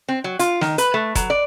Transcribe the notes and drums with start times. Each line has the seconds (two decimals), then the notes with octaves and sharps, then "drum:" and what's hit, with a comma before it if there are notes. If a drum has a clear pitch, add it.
0.09 C4
0.24 F#3
0.39 F4, drum: hi-hat
0.61 D#3, drum: snare
0.78 B4, drum: hi-hat
0.94 A3
1.15 F#3, drum: kick, hi-hat
1.30 D5